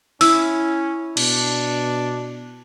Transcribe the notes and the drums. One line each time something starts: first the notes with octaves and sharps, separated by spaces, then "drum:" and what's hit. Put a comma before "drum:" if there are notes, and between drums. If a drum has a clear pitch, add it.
C#4 E4 E6, drum: open hi-hat
B2 D4, drum: cymbal